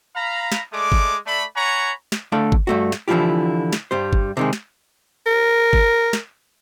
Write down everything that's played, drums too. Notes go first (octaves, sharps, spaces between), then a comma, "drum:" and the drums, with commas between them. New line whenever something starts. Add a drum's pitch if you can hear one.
F5 A#5 B5
drum: snare
G#3 A3 D5 D6
drum: kick G1
A3 D5 B5
C#5 F#5 G#5 A#5 B5 C#6
drum: snare
D3 A3 D5 F5
drum: kick G1
G2 A3 F#4
drum: snare
D3 E3 F3 E4 F4 G4
drum: snare
G2 G3 C5
drum: kick G1
C3 D#3 G#3
drum: snare
A#4
drum: kick G1
drum: snare